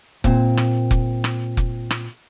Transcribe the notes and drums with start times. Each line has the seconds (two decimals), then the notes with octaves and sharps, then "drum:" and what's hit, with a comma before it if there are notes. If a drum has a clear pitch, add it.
0.24 A#2 C4, drum: kick F1
0.57 drum: rim click
0.91 drum: kick F1
1.24 drum: rim click
1.57 drum: kick F1
1.91 drum: rim click